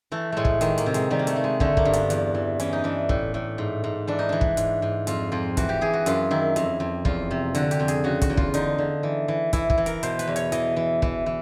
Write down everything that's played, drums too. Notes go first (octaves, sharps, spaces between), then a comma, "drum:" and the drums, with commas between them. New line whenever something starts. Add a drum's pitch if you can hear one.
E3 A3
A2 G#3 A3
drum: kick
D#3 G#3, drum: hi-hat
A#3, drum: hi-hat
C3
G#3, drum: hi-hat
D#3 G3
A#3
A3, drum: hi-hat
D#3
G#3
D3 A3, drum: kick
A#3, drum: kick
G2
B3, drum: hi-hat
E2, drum: hi-hat
E3
E3 C#4, drum: hi-hat
D#4
E3 D4
A2, drum: kick
A2
G#2
G#2
E3 D4
D#4
E3 D4
drum: kick
G#2, drum: hi-hat
G#2
F2 F4, drum: hi-hat
F2 F4
E3 F#4, drum: kick, hi-hat
G4
E3 G#4
F#4
F#2 F4, drum: hi-hat
D#3 E4
F2, drum: hi-hat
F2
E2 F4, drum: kick
C3
D3 F#4, drum: hi-hat
G4, drum: hi-hat
F2
G#4, drum: hi-hat
C#3 F#4
F#4, drum: kick, hi-hat
E2
F4, drum: kick
D3 D#4, drum: hi-hat
D3
E3
E3
E3 E4, drum: kick, hi-hat
E4, drum: kick
E3
A#4, drum: hi-hat
B2 C5, drum: hi-hat
B4, drum: hi-hat
E2
C#5, drum: hi-hat
E3 D#5, drum: hi-hat
E3
E3, drum: kick
E3